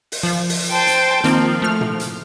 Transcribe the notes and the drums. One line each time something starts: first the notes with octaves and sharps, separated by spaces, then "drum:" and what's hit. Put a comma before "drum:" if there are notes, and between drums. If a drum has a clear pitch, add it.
drum: open hi-hat
F3
drum: open hi-hat
C5 G5 A5
drum: hi-hat
D#3 F3 A#3 C4, drum: hi-hat
A3 F6
drum: tom
drum: hi-hat